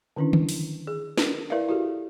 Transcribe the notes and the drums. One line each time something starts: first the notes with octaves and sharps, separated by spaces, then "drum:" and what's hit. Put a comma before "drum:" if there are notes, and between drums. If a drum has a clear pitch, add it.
D3 D#3 C#4 D4 E4
drum: tom D#3
drum: open hi-hat
G#4
A#4 B4, drum: snare
E4 A#4 B4 D5 E5 F5
E4 F#4 G4 A4